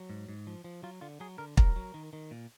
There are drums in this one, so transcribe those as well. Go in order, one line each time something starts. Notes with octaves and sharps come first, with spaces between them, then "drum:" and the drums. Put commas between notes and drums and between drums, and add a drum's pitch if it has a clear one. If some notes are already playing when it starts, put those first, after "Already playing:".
Already playing: F#3
G#2
G#2
F3
F3
F#3 F4
D3 F4
F#3 G#4
D3 A#4
F#3 A#4, drum: kick
F#3
D#3
D#3
A#2